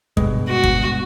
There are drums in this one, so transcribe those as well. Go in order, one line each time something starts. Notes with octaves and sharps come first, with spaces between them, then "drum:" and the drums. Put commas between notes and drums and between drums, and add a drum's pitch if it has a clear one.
G2 B2 G#3, drum: kick
F#4
drum: kick